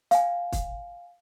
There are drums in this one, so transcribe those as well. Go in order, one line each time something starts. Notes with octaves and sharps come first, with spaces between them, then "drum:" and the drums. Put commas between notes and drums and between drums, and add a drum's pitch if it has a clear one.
F5 G#5, drum: hi-hat
drum: kick, hi-hat